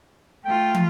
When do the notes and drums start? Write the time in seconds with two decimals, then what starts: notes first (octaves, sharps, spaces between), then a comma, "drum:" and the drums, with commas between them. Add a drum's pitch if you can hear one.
0.45 A3 F4 G5
0.74 drum: tom